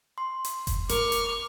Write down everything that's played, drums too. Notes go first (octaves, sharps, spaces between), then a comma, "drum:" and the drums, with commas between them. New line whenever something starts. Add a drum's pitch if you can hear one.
C6
drum: hi-hat
drum: kick F1, hi-hat
A#4 C#6 D6 F6, drum: hi-hat
drum: hi-hat